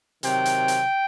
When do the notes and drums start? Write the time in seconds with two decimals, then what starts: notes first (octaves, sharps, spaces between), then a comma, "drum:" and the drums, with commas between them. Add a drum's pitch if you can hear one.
0.23 C3 D#3 F#3 G5, drum: hi-hat
0.45 drum: hi-hat
0.68 drum: hi-hat